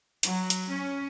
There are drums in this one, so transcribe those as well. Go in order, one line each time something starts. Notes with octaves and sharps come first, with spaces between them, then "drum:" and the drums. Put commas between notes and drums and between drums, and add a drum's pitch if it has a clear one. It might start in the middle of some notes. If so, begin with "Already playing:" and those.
F#3, drum: hi-hat
drum: hi-hat
C#4